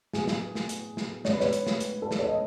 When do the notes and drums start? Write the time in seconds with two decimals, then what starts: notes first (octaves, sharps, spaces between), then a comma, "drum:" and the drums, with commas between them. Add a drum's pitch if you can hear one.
0.13 A2 F#3 B3 G#4, drum: snare
0.28 drum: snare
0.55 drum: snare
0.69 drum: hi-hat
0.97 drum: snare
1.25 A2 G#3 B3 C#5, drum: snare
1.32 B4
1.40 C#5, drum: snare
1.53 drum: hi-hat
1.67 drum: snare
1.80 drum: hi-hat
2.02 A4
2.11 B4, drum: snare
2.19 C#5
2.28 D#5